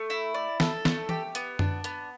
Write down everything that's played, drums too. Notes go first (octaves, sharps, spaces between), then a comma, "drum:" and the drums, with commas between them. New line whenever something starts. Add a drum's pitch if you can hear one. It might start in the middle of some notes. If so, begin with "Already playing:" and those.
Already playing: A3
E4
D5
A4, drum: snare
A3, drum: snare
G4, drum: tom E3
B3, drum: hi-hat
D4, drum: tom F#2
B3, drum: hi-hat